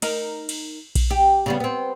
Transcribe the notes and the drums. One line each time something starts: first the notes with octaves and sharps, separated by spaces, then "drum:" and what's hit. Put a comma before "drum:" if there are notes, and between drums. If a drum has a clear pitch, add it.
D#4 A#4, drum: cymbal
drum: cymbal
drum: kick A#1, cymbal
G4
C#3 G3 B3
B3 C4